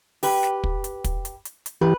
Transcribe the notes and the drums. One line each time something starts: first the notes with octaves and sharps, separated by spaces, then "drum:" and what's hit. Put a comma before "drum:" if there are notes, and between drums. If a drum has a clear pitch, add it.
G4 B4, drum: open hi-hat
drum: snare
drum: kick
drum: hi-hat
drum: kick, hi-hat
drum: hi-hat
drum: hi-hat
drum: hi-hat
E3 G4 B4